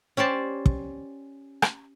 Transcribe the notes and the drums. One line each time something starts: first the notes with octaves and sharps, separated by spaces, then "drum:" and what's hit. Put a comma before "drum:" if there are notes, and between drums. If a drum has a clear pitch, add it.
C#4 G4 C5 D5 A5
drum: kick
drum: rim click